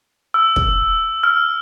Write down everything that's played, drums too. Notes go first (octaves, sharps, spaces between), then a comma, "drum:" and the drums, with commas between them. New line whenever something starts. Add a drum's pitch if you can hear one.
E6
drum: kick
F6